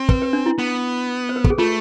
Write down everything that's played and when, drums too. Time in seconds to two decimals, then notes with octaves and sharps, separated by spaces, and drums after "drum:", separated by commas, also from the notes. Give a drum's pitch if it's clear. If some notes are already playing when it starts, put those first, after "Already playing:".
Already playing: C4
0.09 B4, drum: kick
0.22 B4
0.33 D4
0.46 E4
0.59 B3
1.29 C5
1.36 B4
1.44 A4, drum: kick
1.50 G#4
1.58 A3 F4